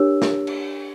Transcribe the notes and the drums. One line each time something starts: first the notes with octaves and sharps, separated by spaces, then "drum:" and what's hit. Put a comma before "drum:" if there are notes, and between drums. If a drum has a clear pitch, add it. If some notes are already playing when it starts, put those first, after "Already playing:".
Already playing: D4 G4 A#4 C#5 E6
drum: snare
drum: cymbal